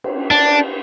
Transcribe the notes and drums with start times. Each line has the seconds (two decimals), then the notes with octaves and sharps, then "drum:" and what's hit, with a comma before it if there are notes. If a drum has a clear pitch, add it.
0.04 drum: cymbal
0.31 D4